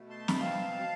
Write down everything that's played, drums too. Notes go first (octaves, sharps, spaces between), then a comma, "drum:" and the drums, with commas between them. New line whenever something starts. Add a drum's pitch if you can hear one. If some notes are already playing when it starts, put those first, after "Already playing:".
Already playing: B2 A3
A5 C6
B5, drum: snare
C4 F5 A5